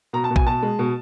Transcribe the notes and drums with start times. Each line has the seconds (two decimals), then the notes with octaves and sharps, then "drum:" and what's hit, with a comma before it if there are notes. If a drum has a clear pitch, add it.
0.13 B2 A#5
0.24 A5
0.30 B2
0.36 G#5, drum: kick A#1
0.47 B2 A5
0.63 G#3
0.79 B2